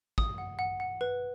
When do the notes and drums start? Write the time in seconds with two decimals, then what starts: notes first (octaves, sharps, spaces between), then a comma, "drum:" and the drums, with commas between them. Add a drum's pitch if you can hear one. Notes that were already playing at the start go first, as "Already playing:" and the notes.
0.18 D#6, drum: kick
0.38 F#5
0.59 F#5
0.80 F#5
1.01 B4